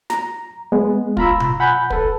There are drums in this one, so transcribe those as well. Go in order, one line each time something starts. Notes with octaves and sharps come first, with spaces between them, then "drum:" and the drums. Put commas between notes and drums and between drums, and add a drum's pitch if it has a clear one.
A#5, drum: snare
G#3 B3
F4 A#5 B5 E6, drum: kick
drum: tom B2
F#5 G#5 B5 G6
A4 B4, drum: kick